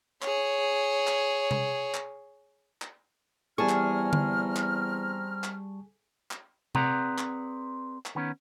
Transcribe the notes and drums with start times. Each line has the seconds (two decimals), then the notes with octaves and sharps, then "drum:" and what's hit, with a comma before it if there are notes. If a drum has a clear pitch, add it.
0.22 G#4 C#5, drum: clap
1.07 drum: clap
1.51 drum: tom C3
1.94 drum: clap
2.82 drum: clap
3.58 E2 G3 C4 G#4 A5 A#5 C#6 F6
3.69 drum: clap
4.13 drum: tom D3
4.56 drum: clap
5.44 drum: clap
6.31 drum: clap
6.75 C4 G#4 B4 D5 F#5 A#5, drum: tom C3
7.18 drum: clap
8.06 drum: clap
8.15 D#3 B3 C#4